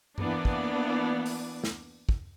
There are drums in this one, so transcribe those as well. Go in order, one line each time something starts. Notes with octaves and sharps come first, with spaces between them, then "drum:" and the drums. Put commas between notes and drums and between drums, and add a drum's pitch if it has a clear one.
E3 A#3 B3 D4 D5, drum: tom G2
drum: kick
drum: open hi-hat
drum: snare
drum: kick